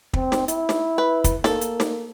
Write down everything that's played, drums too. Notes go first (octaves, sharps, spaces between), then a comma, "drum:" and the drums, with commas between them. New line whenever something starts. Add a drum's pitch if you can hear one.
C4, drum: kick
drum: snare
E4, drum: hi-hat
drum: snare
B4
drum: kick, hi-hat
A#3 A4, drum: snare
drum: hi-hat
drum: snare